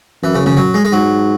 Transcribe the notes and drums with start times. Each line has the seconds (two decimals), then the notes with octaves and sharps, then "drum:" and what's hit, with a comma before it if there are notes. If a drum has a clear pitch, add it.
0.23 F#2 E3
0.35 C#3
0.46 C#3, drum: tom
0.57 F#3
0.74 G#3
0.85 G#3
0.92 G#2 F#3